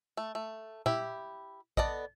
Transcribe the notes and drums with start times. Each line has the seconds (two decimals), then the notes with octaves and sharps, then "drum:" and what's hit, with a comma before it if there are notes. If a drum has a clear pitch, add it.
0.17 A3
0.35 A3
0.86 E4 G4, drum: tom
1.77 B3 A4 D5 D#5, drum: kick A#1